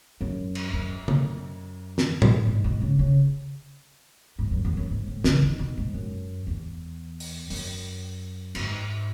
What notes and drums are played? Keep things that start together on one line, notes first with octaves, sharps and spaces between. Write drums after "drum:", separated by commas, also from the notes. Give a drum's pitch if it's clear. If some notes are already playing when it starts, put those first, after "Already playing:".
F#2
drum: cymbal
F#2
F#2, drum: tom C#3
drum: snare
drum: tom A2
G#2
B2
C#3
C#3
G#2
F#2
E2
F#2
G#2
A2
C#3, drum: snare
D#3
B2
G#2
F#2
E2
drum: open hi-hat
F#2, drum: open hi-hat
G#2, drum: cymbal